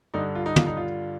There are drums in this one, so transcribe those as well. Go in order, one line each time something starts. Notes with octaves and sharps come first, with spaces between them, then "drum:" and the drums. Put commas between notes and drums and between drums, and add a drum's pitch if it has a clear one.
G2 D3 D#4
F4
D#4
F4, drum: tom
D#4
F4